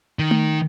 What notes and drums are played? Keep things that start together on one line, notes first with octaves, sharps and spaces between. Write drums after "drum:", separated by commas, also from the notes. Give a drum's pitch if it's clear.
D#3
drum: tom A3